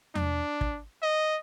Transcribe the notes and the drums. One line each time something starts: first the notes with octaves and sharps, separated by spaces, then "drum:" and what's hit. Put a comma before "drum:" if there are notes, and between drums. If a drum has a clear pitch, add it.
D4, drum: tom E2
drum: kick
D#5